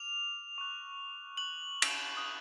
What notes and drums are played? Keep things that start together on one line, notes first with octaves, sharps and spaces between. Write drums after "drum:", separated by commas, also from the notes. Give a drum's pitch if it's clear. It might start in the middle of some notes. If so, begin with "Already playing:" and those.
Already playing: D6 F6 F7
C#6 F#6
C#6 F#6 F#7
drum: cymbal
D#6 F#6